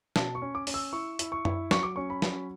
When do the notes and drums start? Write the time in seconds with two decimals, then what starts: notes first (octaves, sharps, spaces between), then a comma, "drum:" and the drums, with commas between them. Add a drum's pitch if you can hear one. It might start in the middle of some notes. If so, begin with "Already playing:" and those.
0.16 B2 A5, drum: snare
0.35 C#6
0.42 C#4
0.55 D6
0.67 C#4, drum: open hi-hat
0.74 E6
0.93 E4 C#6
1.19 E4, drum: hi-hat
1.32 C#6
1.45 E4, drum: tom F#2
1.71 F#3 C#6, drum: snare
1.83 D6
1.96 C#4 C#6
2.10 B5
2.22 F#3, drum: snare